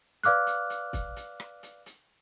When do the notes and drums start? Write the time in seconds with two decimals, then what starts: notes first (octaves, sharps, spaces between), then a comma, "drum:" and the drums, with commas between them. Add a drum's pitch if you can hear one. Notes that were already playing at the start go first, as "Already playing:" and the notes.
0.23 B4 D5 F5 D6 F6 F#6, drum: hi-hat
0.47 drum: hi-hat
0.70 drum: hi-hat
0.93 drum: kick, hi-hat
1.16 drum: hi-hat
1.40 drum: rim click
1.63 drum: hi-hat
1.86 drum: hi-hat